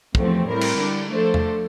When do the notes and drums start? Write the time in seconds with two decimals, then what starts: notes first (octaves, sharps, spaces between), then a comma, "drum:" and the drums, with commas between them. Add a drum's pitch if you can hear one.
0.15 E2 C3 F3 A3 C4, drum: kick
0.48 A2 G3 C4 E4 A#4
0.61 drum: cymbal
0.79 D3 G3 D4
1.12 F3 A3 D4 A4 C5
1.34 drum: tom E2